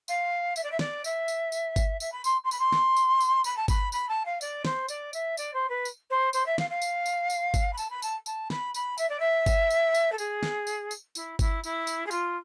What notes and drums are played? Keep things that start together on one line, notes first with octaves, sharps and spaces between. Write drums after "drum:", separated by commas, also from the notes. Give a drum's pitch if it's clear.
F5, drum: tambourine
E5, drum: tambourine
D5
E5
D5, drum: snare
E5, drum: tambourine
drum: tambourine
drum: tambourine
drum: kick G1, tambourine
E5, drum: tambourine
B5
C6, drum: tambourine
C6
B5, drum: tambourine
C6
drum: snare
drum: tambourine
drum: tambourine
B5, drum: tambourine
A5
B5, drum: kick G1, tambourine
B5, drum: tambourine
A5
F5
D5, drum: tambourine
C5, drum: snare
D5, drum: tambourine
E5, drum: tambourine
D5, drum: tambourine
C5
B4
drum: tambourine
C5
C5, drum: tambourine
E5
F5, drum: snare
F5
drum: tambourine
drum: tambourine
drum: tambourine
drum: kick G1, tambourine
B5
A5, drum: tambourine
B5
A5, drum: tambourine
A5, drum: tambourine
B5, drum: snare
B5, drum: tambourine
E5, drum: tambourine
D5
E5
drum: kick G1, tambourine
drum: tambourine
drum: tambourine
A4
G#4, drum: tambourine
drum: snare
drum: tambourine
drum: tambourine
E4, drum: tambourine
E4, drum: kick G1, tambourine
E4, drum: tambourine
drum: tambourine
G#4
F4, drum: tambourine